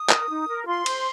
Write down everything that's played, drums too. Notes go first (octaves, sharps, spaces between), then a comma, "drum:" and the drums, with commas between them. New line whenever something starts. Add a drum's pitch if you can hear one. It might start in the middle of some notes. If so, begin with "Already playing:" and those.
Already playing: D#6
A#4, drum: clap
D#4
A#4
F4 C6
C5, drum: cymbal